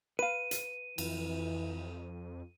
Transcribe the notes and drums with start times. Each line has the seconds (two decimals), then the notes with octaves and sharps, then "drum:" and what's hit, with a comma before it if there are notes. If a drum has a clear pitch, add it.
0.19 B4 F5 D#7
0.51 drum: hi-hat
0.98 F2 E3, drum: cymbal